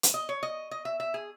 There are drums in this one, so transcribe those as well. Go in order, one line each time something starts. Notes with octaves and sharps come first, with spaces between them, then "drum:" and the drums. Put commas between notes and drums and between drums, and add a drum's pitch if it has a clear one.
drum: hi-hat
D#5
C#5
D#5
D#5
E5
E5
G#4